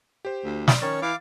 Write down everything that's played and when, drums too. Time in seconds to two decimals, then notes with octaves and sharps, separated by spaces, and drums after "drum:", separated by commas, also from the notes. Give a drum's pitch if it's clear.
0.25 G4 C5
0.45 D2
0.68 D5, drum: snare
0.82 D#3 C#4 C#5 A6
1.02 E3 F5 D6